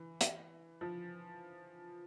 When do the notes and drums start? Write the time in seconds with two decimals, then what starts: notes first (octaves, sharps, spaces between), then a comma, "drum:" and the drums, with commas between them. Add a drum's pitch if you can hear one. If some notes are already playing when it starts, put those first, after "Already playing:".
Already playing: E3
0.21 drum: hi-hat
0.81 F3